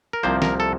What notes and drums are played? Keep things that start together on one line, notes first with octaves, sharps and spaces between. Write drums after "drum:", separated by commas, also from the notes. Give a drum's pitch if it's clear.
A#4
C2 C3 F3 A#3 C5
A#4, drum: snare
A4